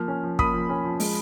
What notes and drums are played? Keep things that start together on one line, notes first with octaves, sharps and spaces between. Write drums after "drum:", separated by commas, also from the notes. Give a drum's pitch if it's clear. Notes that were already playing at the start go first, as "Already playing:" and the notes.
Already playing: F3 A#3 F6
C#4
F3
A#3 B5 D#6, drum: kick
F3
C#4
F3
G#3, drum: open hi-hat